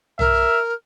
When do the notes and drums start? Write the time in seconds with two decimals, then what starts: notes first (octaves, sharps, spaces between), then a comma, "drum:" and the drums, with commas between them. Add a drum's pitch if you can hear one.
0.19 A#4 E5, drum: tom